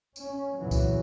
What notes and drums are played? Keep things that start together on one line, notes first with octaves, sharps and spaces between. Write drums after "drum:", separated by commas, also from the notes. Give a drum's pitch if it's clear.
C#4, drum: tambourine
E2 A#2 C#3 E3 F#3
drum: kick C2, tambourine